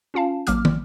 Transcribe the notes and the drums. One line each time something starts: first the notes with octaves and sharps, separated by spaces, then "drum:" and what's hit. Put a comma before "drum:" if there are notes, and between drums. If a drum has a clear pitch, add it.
C#4 F4 F5 A5
A1 F#3 A#3 D6 F6, drum: hi-hat
drum: tom